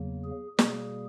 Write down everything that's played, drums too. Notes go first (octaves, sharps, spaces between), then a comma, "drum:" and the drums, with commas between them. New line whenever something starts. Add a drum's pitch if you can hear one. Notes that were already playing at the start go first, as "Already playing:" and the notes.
Already playing: E2 C#3 F#3 A#3
G#4
B2 G3 A#3 G#4, drum: snare